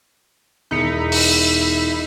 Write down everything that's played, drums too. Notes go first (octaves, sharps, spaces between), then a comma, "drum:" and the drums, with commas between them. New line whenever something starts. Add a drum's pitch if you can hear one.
E1 D#4 E4 B5 C#7
drum: open hi-hat